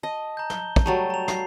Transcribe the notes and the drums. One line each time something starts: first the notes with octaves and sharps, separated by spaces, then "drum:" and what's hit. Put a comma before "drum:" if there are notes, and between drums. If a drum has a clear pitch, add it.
D#5 A5
A#5 G6
G7, drum: snare
drum: kick
F#3 G3 A3 A5 A#5 A6
A#5 F7
C7, drum: snare